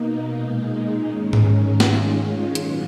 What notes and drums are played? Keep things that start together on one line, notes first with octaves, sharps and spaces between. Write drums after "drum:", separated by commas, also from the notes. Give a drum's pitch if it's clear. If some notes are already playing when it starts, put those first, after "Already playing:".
Already playing: B2 A#3 D#4
A#2 G#3 D#4
G#2 D#3 G#3 C#4
drum: tom G#2
D#3 G#3 C#4 F4, drum: snare
A#2 F#3 B3, drum: hi-hat